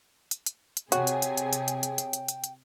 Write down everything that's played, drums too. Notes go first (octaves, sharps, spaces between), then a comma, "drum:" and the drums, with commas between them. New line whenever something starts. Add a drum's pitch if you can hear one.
drum: hi-hat
drum: hi-hat
drum: hi-hat
C3 F#4 G#4 C#5 G5, drum: hi-hat
drum: hi-hat
drum: hi-hat
drum: hi-hat
drum: hi-hat
drum: hi-hat
drum: hi-hat
drum: hi-hat
drum: hi-hat
drum: hi-hat
drum: hi-hat